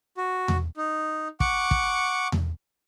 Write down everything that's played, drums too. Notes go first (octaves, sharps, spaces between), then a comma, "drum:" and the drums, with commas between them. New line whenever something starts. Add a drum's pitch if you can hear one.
F#4
drum: tom E2
D#4
F#5 C#6 D6, drum: kick
drum: kick
drum: tom E2